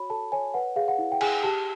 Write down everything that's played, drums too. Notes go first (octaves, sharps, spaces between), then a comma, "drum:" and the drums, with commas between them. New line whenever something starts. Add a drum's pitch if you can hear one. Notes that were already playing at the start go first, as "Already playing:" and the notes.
Already playing: F#4 C#5 B5
A4 A5
C#5 G#5
B4 F#5
G#4 F5
F#5
E4
G5
G#4 G#5, drum: cymbal
G4 A5